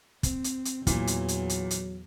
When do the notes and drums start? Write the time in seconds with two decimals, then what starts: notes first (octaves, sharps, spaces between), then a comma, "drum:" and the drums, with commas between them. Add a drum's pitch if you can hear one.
0.23 C4, drum: kick, hi-hat
0.44 drum: hi-hat
0.65 drum: hi-hat
0.87 E2 A#2 E3 F#3, drum: kick, hi-hat
1.07 drum: hi-hat
1.28 drum: hi-hat
1.49 drum: hi-hat
1.71 drum: hi-hat